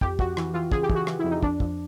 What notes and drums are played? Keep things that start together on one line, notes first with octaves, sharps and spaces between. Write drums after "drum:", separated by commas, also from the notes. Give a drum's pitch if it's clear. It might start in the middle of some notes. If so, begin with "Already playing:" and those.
F2 G4, drum: kick
F2 F#4, drum: kick
E3, drum: rim click
E3 F4
C#3 G#4, drum: kick
G4
E3, drum: kick
F#4
E3, drum: rim click
F2 E4
D#4
F2 D4, drum: kick
F2, drum: kick